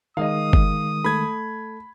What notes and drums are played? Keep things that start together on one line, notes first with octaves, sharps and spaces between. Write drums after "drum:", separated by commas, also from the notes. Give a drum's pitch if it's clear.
D#3 G#3 D#5 F5 D#6
drum: kick G1
A3 B5 G#6